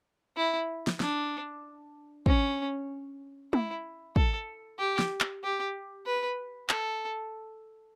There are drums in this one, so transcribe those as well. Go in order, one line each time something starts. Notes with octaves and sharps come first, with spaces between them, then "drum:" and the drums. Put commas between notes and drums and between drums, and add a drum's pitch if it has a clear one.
E4
drum: snare
D4, drum: snare
C#4, drum: kick
E4, drum: tom
A4, drum: kick
G4
drum: snare
drum: clap
G4
B4
A4, drum: clap